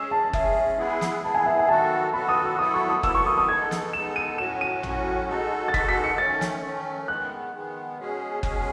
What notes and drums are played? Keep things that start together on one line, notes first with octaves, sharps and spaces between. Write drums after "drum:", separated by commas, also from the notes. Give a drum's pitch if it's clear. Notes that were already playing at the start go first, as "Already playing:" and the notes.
Already playing: G#3 C#4 G#4 E6
A5
G#3 C#4 G#4 E5, drum: kick F#1
G#3 B3 E4 G#4
drum: snare
G#3 B3 E4 G#4 A5
G#5
E5
G#5
D#3 F#3 B3 F#4 A4 A5
D#3 F#3 B3 F#4 A4 B5
D#6
E6
F#3 B3 E4 A4 D#6
C#6
D#6
F#3 B3 E4 A4 E6, drum: kick F#1
C#6
D#6
D#6
G#3 B3 D#4 A4 G#6
drum: snare
G#3 B3 D#4 A4 E7
D#7
A2 F#3 C#4 F#4 E7
D#7
A2 F#3 C#4 F#4, drum: tom A1
G#3 D#4 F#4 A4
A6
G#3 D#4 F#4 A4 B6, drum: kick F#1
B6
C#7
D#3 A3 C#4 A6
drum: snare
D#3 A3 C#4
D#3 G#3 B3 F#6
D#3 G#3 B3
B2 G#3 C#4 G#4
B2 G#3 C#4 G#4, drum: kick F#1